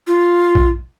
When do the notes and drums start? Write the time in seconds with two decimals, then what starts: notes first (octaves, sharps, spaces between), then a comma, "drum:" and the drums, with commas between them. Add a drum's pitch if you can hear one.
0.07 F4
0.55 drum: kick A#1